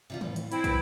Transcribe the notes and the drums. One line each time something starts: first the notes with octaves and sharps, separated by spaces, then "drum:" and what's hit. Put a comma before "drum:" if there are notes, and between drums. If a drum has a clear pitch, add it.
C3 G3 F4
A2, drum: tom
drum: hi-hat
C4 E4, drum: hi-hat
B4, drum: kick, hi-hat